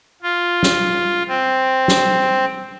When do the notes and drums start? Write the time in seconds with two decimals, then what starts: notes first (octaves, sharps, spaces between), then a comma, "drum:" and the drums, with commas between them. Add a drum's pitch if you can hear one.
0.22 F4
0.63 drum: snare
1.28 C4
1.88 drum: snare